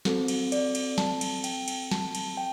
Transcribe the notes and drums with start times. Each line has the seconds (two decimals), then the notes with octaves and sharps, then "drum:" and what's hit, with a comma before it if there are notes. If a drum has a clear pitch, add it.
0.05 C4 F#4 A4, drum: snare
0.28 drum: cymbal
0.52 D5, drum: cymbal
0.75 drum: cymbal
0.98 A5, drum: snare
1.21 drum: cymbal
1.44 G5, drum: cymbal
1.68 drum: cymbal
1.91 A5, drum: snare
2.15 A5, drum: cymbal
2.37 G5